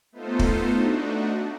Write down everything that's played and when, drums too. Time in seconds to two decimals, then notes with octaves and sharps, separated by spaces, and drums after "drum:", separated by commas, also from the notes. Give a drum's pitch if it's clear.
0.12 A3 B3 D#4 F4 A4 C5
0.39 drum: kick
0.74 A3 D4 D#4 F#4